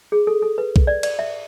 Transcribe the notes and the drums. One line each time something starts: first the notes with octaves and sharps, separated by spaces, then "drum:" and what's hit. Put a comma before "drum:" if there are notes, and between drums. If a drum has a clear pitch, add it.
G#4
A4
A4
B4
drum: kick B1
D5
D5, drum: cymbal
E5